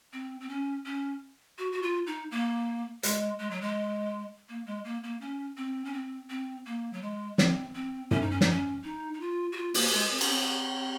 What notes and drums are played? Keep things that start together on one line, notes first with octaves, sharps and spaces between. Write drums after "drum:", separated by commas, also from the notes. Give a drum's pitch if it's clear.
C4
C4
C#4
C#4
F#4
F#4
F4
D#4
A#3
G#3, drum: hi-hat
G#3
F#3
G#3
A#3
G#3
A#3
A#3
C#4
C4
C#4
C4
C4
A#3
F#3
G#3
C4, drum: snare
C4
C#4, drum: tom
D#4
C#4
D#4, drum: snare
C#4
D#4
D#4
F4
F#4
F4
A#3, drum: open hi-hat
G#3
C4
C#4, drum: cymbal
C4